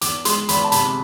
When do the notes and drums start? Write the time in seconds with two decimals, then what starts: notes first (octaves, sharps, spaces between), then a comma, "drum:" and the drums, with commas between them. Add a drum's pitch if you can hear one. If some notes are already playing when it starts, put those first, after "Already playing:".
0.01 E2 D6, drum: hi-hat
0.25 G#3 C6, drum: hi-hat
0.49 E2 B5, drum: hi-hat
0.64 A5
0.72 C3 B5, drum: hi-hat